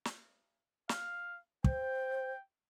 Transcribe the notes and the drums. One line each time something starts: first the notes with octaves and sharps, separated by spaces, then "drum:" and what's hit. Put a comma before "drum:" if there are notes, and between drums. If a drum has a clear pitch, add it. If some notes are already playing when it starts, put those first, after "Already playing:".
drum: snare
F5, drum: snare
C5 G5, drum: kick